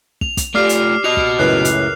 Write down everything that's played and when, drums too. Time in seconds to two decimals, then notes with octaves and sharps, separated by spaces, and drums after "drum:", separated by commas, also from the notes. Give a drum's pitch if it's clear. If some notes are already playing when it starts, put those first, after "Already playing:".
0.21 F7, drum: kick
0.37 drum: kick, hi-hat
0.55 A3 F4 G4 D5 D6 F6 C7
0.69 drum: hi-hat
1.04 F#4 D#5 F7
1.17 drum: kick
1.39 C#2 F#2 A2 B4 F#6 C7
1.65 drum: hi-hat